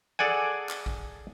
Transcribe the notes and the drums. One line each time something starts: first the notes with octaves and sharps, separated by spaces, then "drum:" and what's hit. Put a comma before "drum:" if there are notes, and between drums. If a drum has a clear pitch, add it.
G#4 A4 D5 F#5 G#5
drum: clap
drum: kick